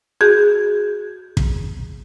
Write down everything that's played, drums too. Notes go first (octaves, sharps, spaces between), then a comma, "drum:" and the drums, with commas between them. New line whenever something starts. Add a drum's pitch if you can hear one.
F#4 G#4 G6
drum: kick